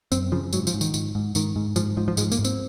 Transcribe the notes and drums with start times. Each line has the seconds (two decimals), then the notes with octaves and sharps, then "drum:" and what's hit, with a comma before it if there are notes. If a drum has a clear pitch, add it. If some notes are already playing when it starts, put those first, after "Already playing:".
0.12 F#2 C4, drum: tambourine
0.32 C#3 F3
0.53 G#2 F#3, drum: tambourine
0.67 F3, drum: tambourine
0.74 G#2
0.81 D#3, drum: tambourine
0.94 G#2, drum: tambourine
1.15 G#2
1.35 G#2 D#3, drum: tambourine
1.56 G#2
1.76 G#2 F3, drum: tambourine
1.97 G#2 F3
2.08 F3
2.17 G#2 G#3, drum: tambourine
2.32 A#3, drum: tambourine
2.39 G#2
2.45 C4, drum: tambourine